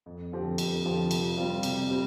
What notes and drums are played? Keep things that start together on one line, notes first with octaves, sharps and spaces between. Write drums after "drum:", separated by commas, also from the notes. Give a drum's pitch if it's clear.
F2
D3 F3 C4 G4
F2, drum: cymbal
D3 F3 C4 G4
C3, drum: cymbal
G3 C4 F4
C3, drum: cymbal
G3 C4